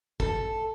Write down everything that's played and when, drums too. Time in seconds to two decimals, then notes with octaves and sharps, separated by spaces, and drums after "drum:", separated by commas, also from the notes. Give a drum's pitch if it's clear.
0.20 A4, drum: kick